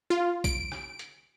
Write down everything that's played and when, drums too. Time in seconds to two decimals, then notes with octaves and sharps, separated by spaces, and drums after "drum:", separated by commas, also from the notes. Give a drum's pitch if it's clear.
0.10 F4
0.44 D7, drum: kick, hi-hat
0.72 drum: rim click
0.99 drum: hi-hat